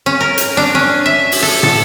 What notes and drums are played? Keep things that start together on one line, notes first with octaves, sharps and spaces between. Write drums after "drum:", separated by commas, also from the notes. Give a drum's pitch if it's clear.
C#4
A#4
drum: hi-hat
D4
C#4
E5
drum: open hi-hat
A4
A4, drum: tom